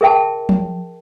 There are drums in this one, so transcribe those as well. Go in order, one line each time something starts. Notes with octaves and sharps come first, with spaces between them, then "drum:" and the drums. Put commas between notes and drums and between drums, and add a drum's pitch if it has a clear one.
G#4 A#4 E5 G5 A5
drum: tom F3